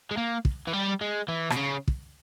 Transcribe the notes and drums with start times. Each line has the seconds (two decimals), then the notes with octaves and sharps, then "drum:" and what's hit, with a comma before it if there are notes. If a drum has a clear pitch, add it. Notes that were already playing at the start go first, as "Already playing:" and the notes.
0.11 G#3
0.17 A#3
0.45 drum: kick
0.67 E3
0.73 G3
1.01 G#3
1.28 E3
1.50 B2, drum: rim click
1.56 C#3
1.88 drum: kick